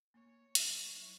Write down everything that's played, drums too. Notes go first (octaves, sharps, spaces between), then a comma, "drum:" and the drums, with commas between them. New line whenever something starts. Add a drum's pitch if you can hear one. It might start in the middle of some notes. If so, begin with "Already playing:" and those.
A#3 C#5
F#3, drum: hi-hat
F#3